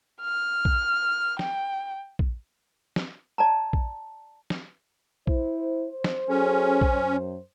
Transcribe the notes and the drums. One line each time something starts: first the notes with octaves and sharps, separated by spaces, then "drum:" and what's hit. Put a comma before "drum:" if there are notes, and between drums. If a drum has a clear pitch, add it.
F6
drum: kick A#1
G5, drum: snare
drum: kick A#1
drum: snare
D5 A5 A#5
drum: kick A#1
drum: snare
E4 C5, drum: kick A#1
C5
drum: snare
F#3 C#4 G#4 A4
drum: kick A#1
F#2